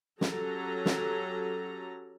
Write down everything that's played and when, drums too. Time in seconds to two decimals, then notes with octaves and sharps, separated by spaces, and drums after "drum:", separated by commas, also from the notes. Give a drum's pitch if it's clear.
0.21 F#3 C#4 G4 A4 A#5, drum: snare
0.86 drum: snare